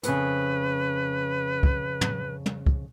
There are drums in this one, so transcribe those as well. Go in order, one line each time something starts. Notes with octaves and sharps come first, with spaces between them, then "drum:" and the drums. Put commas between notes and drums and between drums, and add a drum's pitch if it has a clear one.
F2 A2 C#3 B4, drum: hi-hat
drum: kick
drum: tom
drum: tom
drum: kick